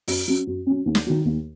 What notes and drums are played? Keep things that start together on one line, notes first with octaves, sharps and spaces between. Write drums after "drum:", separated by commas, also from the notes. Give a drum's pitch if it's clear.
F#2, drum: open hi-hat
F#3 C#4
F#2
F#3 C#4
D#2
drum: snare
D#3 F#3
D#2